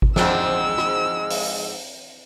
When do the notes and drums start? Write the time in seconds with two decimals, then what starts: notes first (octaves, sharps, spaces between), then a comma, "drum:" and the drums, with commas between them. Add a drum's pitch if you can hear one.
0.02 drum: kick G#1
0.16 G#2 F3 G#3 C4 D4 E4 E6, drum: snare
0.78 drum: rim click
1.30 drum: open hi-hat